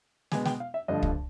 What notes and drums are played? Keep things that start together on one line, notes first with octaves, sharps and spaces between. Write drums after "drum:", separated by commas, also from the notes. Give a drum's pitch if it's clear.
B2 G#3 B3 G#5, drum: snare
G5, drum: snare
F5
E5
G2 D3 F3 A3 D#5
drum: kick